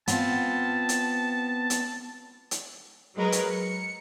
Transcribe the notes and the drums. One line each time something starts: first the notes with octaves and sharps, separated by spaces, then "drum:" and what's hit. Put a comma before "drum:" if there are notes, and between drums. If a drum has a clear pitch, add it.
B3 C4 F4 A5, drum: hi-hat
drum: hi-hat
drum: hi-hat
drum: hi-hat
F#3 G#3 A#4 B4
drum: hi-hat
C#7